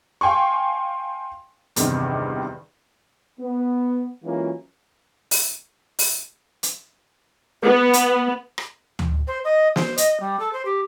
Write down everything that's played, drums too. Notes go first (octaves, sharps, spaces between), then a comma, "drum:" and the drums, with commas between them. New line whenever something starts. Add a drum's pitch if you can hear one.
F5 G5 G#5 C6 C#6
E2 G2 C3 D#3, drum: hi-hat
B3
E3 F#3 G#3 A#3 C#4 F4
drum: open hi-hat
drum: open hi-hat
drum: hi-hat
B3
drum: hi-hat
drum: rim click
drum: tom D2
C5
D#5
C5, drum: snare
D#5, drum: hi-hat
G3
A4
C5
G4